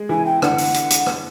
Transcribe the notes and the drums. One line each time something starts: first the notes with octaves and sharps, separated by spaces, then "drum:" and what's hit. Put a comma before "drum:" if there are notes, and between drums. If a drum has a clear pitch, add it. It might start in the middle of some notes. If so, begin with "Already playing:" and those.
Already playing: G#3 G#4
E3 E4 G#5
G5
D3 D4 F#5, drum: rim click
drum: open hi-hat
drum: hi-hat
drum: hi-hat
drum: rim click